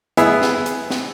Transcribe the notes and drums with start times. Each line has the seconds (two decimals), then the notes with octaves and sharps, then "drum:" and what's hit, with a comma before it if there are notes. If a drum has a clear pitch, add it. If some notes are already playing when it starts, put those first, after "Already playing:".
0.17 B3 E4 G#4 E5, drum: hi-hat
0.42 drum: snare
0.66 drum: hi-hat
0.90 drum: snare